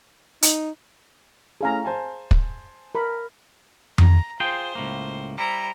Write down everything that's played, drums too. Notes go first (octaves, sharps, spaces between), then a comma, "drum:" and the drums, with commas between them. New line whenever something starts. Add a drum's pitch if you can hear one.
D#4, drum: hi-hat
A3 C#4 E4 G#4 F5 A#5
C5 G#5 A5
drum: kick
A#4 B5
A#5, drum: tom F2
F4 G#4 C5 G5
C#2 A2 A#3
G3 E4 C5 A#5